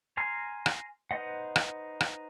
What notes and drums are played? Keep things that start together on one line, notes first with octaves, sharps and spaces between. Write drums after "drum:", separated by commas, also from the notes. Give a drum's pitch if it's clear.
G#5 A#5 C6 F6
drum: rim click
D#4 B4 C5 D#5 F#5
drum: rim click
drum: rim click